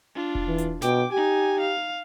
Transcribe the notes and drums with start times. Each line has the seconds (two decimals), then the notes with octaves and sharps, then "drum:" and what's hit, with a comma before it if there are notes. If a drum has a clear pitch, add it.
0.15 D4 F4
0.35 drum: kick E1
0.48 E3
0.58 drum: hi-hat
0.82 B2 G5 D6, drum: snare
1.12 D#4 G4 G#5
1.60 F5